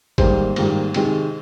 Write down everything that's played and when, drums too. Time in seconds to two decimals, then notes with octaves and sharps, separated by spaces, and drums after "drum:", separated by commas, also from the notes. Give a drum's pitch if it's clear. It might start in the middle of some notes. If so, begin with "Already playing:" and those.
0.18 G#2 D#3 G3 A#3 C5, drum: kick G1, cymbal
0.56 G#2 D#3 G3 A#3, drum: cymbal
0.94 C3 D#3 G#3, drum: cymbal